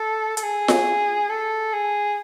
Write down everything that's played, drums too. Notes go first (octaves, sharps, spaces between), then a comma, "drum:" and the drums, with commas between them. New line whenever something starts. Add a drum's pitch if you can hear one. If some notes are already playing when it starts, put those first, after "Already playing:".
Already playing: A4
A4, drum: hi-hat
G#4
drum: snare F4
A4
G#4